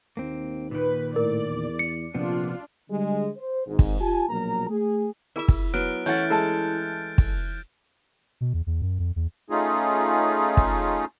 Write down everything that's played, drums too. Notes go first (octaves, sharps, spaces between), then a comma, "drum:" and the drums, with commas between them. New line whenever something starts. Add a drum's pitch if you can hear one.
D#2 A#3 C4
A#2 D#3 B4
A2 A#4 D5
E2
C#7
A#1 C3 F3 B3 D4 F4
D3 G3 G#3
C5
G#1 G#2
drum: kick
F4 G4 G#5 A5
A#1 B2 F#3 A#3 A#4 A#5
A3 G#4
E4 F4 G#4 A#4 E5
drum: kick
F#3 B3 F6 F#6 D7
E3 A3 C#4 C#5 F#5 G6 A6
G#3 E4 A4 E5 A5
drum: kick
B2
E2
E2
F#2
F2
E2
A3 C#4 D#4 F4 G#4
drum: kick